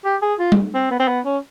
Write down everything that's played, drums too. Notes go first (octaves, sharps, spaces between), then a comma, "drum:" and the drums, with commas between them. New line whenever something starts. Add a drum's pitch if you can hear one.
G4
G#4
F4
drum: tom G3
C4
B3
C4
B3
C#4